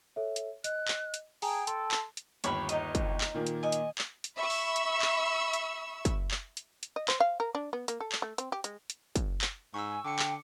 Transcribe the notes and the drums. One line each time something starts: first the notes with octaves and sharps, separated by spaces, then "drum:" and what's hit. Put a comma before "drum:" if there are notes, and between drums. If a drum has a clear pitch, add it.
A4 C#5 E5
drum: hi-hat
D#5 F#6, drum: hi-hat
drum: clap
drum: hi-hat
G#4 G5 A5 A#5, drum: open hi-hat
A4 C6, drum: hi-hat
drum: clap
drum: hi-hat
G1 D#2 C#5 B5 C#6, drum: hi-hat
D#4 D#5, drum: hi-hat
drum: kick, hi-hat
drum: clap
A#2 D#3 A#3
drum: hi-hat
D#5 G#5
drum: hi-hat
drum: clap
drum: hi-hat
E5 B5 C#6 E6
drum: open hi-hat
drum: hi-hat
drum: clap
drum: hi-hat
drum: kick, hi-hat
drum: clap
drum: hi-hat
drum: hi-hat
D#5
C5, drum: clap
F5
A#4
D4
B3
A#3, drum: hi-hat
A4
drum: clap
A3
C4, drum: hi-hat
G4
G#3, drum: hi-hat
drum: hi-hat
drum: kick, hi-hat
drum: clap
G#2 C#6 E6
G#5
D3 G5 D6 C#7
drum: clap